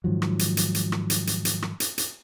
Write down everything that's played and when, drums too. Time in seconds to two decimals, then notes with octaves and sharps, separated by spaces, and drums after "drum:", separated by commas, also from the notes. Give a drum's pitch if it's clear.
0.04 G#2 D#3 F3 F#3
0.22 drum: rim click
0.39 drum: hi-hat
0.57 drum: hi-hat
0.74 drum: hi-hat
0.92 drum: rim click
1.10 drum: hi-hat
1.27 drum: hi-hat
1.45 drum: hi-hat
1.62 drum: rim click
1.80 drum: hi-hat
1.98 drum: hi-hat